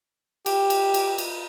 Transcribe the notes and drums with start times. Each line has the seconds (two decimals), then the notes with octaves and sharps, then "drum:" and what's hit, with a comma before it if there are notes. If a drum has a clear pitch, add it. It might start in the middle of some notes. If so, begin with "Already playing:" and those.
0.46 G4, drum: cymbal
0.70 drum: cymbal
0.94 drum: cymbal
1.18 drum: cymbal